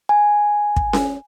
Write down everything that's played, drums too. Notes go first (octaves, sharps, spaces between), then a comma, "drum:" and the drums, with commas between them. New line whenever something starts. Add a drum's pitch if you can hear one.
G#5
drum: kick
drum: snare C#4